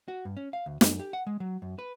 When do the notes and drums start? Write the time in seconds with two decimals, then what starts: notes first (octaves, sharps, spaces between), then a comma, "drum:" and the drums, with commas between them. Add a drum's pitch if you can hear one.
0.08 F#4
0.25 G2
0.37 C#4
0.53 F5
0.66 D2
0.81 F#2, drum: snare
0.99 G4
1.13 F#5
1.27 G#3
1.40 F#3
1.62 F#2
1.79 B4